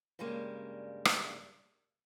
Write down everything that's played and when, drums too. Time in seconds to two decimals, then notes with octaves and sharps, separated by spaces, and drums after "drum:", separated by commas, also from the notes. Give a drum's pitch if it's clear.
0.19 G2 C#3 G3 G#3 A#3
1.05 drum: rim click